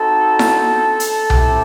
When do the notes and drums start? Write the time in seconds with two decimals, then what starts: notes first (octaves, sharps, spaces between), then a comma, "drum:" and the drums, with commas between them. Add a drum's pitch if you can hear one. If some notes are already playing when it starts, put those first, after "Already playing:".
Already playing: C4 D#4 F#4 A4
0.39 drum: snare E4
1.00 drum: hi-hat
1.30 C4 E4 G4, drum: tom B1